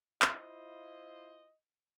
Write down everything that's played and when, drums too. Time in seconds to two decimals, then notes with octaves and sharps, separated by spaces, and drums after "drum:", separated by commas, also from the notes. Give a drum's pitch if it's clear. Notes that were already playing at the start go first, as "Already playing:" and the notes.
0.22 E4 F4 C5 D#5, drum: clap